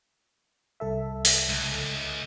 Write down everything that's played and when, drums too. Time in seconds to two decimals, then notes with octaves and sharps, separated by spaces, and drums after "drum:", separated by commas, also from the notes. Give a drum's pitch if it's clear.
0.80 C2 A4 E5
1.25 drum: open hi-hat
1.49 C#2